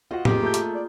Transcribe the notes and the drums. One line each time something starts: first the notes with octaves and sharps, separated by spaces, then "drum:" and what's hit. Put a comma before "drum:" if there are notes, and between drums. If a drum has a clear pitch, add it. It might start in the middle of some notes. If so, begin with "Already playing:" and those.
F4 F#4 C5 D#5 F#5
F1 A#3 F4 G4 G#4, drum: tom A2
A3 G6
drum: hi-hat
D5